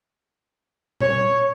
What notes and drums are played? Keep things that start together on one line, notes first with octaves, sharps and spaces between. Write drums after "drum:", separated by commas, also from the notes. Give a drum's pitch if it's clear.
C#5, drum: tom A#2